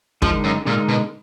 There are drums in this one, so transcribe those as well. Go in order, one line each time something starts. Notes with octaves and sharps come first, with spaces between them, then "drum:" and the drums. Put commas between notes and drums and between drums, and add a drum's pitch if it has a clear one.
D3 F3 G#3 D#4 A#4, drum: kick
F#2
A#2 D3 G#3 D#4 A#4
B2